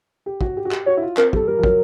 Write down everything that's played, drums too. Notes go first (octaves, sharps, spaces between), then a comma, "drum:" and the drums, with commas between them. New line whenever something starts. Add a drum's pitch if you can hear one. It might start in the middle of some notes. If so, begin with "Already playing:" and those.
G4
F#4, drum: kick
G4
F#4
G4, drum: clap
F#4 C#5
E4
F4
C4 A#4, drum: clap
G3 A4, drum: kick
G3 A#4
F3
F#3, drum: kick